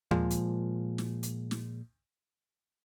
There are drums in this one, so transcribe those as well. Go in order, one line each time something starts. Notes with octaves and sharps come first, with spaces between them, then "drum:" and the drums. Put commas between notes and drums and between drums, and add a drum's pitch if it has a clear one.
A#2 F3 G#3, drum: tom
drum: hi-hat
drum: snare
drum: hi-hat
drum: snare